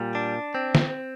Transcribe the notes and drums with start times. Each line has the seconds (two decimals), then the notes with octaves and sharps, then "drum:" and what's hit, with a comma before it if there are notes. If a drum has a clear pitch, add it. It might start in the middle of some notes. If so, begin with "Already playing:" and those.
Already playing: A#2 G3
0.15 D4
0.55 C4
0.75 drum: snare